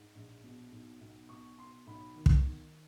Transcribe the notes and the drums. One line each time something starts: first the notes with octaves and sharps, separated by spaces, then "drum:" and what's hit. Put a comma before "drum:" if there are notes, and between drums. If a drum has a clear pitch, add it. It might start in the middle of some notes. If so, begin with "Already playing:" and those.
Already playing: G#2
A#1
B2
B1
B1
B2 C#6
B2 C6
B1 B5
D#3
drum: kick
D#3